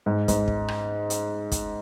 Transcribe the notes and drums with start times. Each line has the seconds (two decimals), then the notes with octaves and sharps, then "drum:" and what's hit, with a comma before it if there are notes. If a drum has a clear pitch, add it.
0.06 G#2
0.28 G#2, drum: kick, hi-hat
0.48 drum: kick
0.68 drum: rim click
1.10 drum: hi-hat
1.52 drum: kick, hi-hat